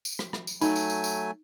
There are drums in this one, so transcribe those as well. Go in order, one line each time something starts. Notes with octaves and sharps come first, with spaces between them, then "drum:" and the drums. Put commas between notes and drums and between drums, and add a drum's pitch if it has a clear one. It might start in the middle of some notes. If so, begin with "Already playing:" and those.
drum: tambourine
drum: rim click
drum: rim click
drum: tambourine
F#3 A3 D#4 G#5, drum: tambourine
drum: tambourine
drum: tambourine
drum: tambourine